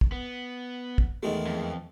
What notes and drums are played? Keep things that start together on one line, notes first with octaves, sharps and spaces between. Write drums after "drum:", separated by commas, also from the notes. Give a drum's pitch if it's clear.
drum: kick
B3
drum: kick
E2 D#3 G#3 A3 D#4
F2